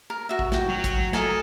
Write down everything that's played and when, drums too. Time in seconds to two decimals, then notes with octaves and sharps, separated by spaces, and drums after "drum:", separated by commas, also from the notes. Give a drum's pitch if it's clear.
0.10 A#4
0.29 F#4 E5
0.39 drum: kick
0.52 F#4 G5, drum: snare
0.69 F#3
0.84 drum: kick, hi-hat
1.13 A4 A#4 D#5 G#5, drum: snare